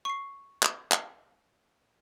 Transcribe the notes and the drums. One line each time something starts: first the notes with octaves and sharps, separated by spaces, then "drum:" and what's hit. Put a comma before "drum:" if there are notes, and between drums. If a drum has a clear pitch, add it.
C#6 C7
drum: clap
drum: clap